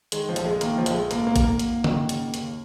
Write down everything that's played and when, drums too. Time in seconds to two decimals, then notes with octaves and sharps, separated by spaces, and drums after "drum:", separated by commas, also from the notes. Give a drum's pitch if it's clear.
0.12 D#3 G#3, drum: hi-hat
0.29 F3
0.36 A#1, drum: hi-hat
0.45 G#3
0.61 D#3 A#3, drum: hi-hat
0.78 F3
0.86 A#1, drum: hi-hat
0.94 G#3
1.11 G#1 A#3, drum: hi-hat
1.27 A#3
1.36 G#1, drum: kick, hi-hat
1.44 A#3
1.59 G#1, drum: hi-hat
1.84 D#3, drum: tom D3
2.09 C#3, drum: hi-hat
2.34 D#2, drum: hi-hat